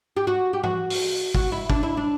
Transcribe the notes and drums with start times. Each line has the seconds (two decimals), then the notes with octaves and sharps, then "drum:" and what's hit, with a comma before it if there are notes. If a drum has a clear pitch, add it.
0.17 G4
0.27 F#4
0.53 G4
0.63 F#4, drum: tom G#2
0.90 drum: open hi-hat
1.35 F#4, drum: kick
1.52 E4
1.70 D4, drum: kick
1.83 E4
1.97 D4